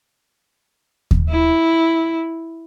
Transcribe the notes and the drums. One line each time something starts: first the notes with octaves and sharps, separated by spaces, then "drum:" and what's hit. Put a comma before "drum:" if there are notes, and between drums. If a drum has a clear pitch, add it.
drum: kick D#2
E4